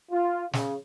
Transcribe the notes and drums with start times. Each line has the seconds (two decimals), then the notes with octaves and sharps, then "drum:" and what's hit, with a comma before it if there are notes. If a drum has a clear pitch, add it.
0.11 F4
0.53 C#3, drum: snare